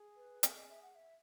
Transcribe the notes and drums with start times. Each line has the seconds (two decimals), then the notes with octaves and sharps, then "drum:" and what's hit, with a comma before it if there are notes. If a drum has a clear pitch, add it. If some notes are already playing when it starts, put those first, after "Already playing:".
Already playing: G#4
0.16 B4
0.43 G#4, drum: hi-hat
0.56 D#5
0.69 E5
0.82 F#5
0.95 E5